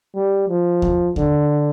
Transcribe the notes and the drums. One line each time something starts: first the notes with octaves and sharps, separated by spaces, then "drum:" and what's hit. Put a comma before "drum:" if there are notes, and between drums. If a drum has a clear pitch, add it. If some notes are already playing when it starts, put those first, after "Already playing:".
G3
F3
drum: kick D#2
D3, drum: kick D#2